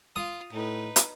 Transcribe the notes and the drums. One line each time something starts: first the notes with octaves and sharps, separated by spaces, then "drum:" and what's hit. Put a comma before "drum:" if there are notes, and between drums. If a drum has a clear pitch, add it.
F4 D#6
A2 D#4 B4
drum: hi-hat